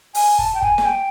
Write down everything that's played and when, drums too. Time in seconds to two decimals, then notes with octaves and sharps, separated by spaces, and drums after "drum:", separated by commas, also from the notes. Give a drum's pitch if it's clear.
0.15 G#5, drum: open hi-hat
0.39 A5, drum: kick F#1
0.55 G5
0.62 G#5, drum: kick F#1
0.78 G#5, drum: snare
0.85 G5